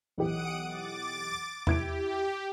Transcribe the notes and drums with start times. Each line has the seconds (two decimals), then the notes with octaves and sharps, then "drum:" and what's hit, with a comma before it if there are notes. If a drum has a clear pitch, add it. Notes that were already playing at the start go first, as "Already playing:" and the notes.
0.18 B1 E3 G4 F#5 D#6 D7
0.65 D6 A6
1.67 E4 G4 G#6 D7, drum: tom E2